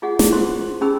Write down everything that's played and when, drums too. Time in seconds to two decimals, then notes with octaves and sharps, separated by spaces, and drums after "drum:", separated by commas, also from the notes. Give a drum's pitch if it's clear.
0.02 F4 G#4 D#5 F#5
0.19 E4 F4 G#4, drum: snare
0.32 C5 C6
0.81 C#4 D#4 G#4 G5 B5 E6